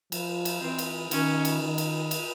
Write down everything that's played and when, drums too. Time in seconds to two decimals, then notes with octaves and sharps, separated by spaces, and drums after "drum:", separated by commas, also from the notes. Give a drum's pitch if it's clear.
0.12 F3, drum: cymbal
0.45 drum: cymbal
0.62 E3 C4
0.78 drum: cymbal
1.11 D#3 C#4, drum: cymbal
1.45 drum: cymbal
1.61 D#3
1.78 drum: cymbal
2.11 drum: cymbal